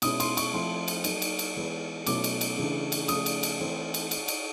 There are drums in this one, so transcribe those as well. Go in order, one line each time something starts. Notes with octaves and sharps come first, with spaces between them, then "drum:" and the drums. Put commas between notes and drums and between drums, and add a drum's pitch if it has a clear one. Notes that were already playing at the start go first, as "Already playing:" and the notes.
B2 G#3 C#4 E4 D#6, drum: cymbal
C6, drum: cymbal
C#6, drum: cymbal
F3 A3 C4 E4 C6
drum: cymbal
F#3 A#3 D#4, drum: cymbal
drum: cymbal
drum: cymbal
E3 G#3 B3
B2 F#3 A3 C#4 E4 D6, drum: cymbal
drum: cymbal
drum: cymbal
C#3 E3 A3 D4
drum: cymbal
C#3 F3 A3 D#6, drum: cymbal
drum: cymbal
drum: cymbal
E3 A3 C4
drum: cymbal
drum: cymbal
drum: cymbal